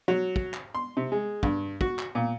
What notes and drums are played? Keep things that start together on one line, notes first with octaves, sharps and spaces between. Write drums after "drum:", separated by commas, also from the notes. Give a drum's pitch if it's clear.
F#3
drum: kick
drum: clap
C6
C3
G#3
G2, drum: kick
F#4, drum: kick
drum: clap
A#2